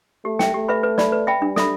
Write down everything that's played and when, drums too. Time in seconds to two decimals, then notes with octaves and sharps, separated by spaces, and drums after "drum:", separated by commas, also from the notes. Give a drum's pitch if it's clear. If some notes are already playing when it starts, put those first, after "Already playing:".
0.25 A3 G4
0.39 E5 G5, drum: snare
0.54 A3 G4
0.69 B4 E5 B5
0.83 B4
0.98 D5 B5, drum: snare
1.12 B4
1.27 E5 G5 B5
1.42 G3 D4
1.56 A4 E5 B5, drum: snare